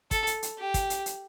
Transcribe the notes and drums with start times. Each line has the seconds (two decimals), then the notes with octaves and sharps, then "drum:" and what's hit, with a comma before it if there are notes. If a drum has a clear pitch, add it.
0.11 A4, drum: kick, hi-hat
0.27 drum: hi-hat
0.43 drum: hi-hat
0.58 G4
0.74 drum: kick, hi-hat
0.90 drum: hi-hat
1.06 drum: hi-hat